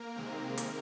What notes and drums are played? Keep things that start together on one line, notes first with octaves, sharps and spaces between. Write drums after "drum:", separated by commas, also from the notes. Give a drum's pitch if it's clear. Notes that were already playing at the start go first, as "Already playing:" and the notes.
Already playing: A#3 A#4
C3 D#3 G#3 C4
drum: hi-hat